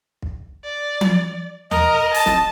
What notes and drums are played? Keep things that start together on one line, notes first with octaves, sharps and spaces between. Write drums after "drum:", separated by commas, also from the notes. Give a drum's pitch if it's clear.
drum: kick
D5
drum: tom F3
A#4 D#5, drum: tom D#2
A5, drum: hi-hat
drum: snare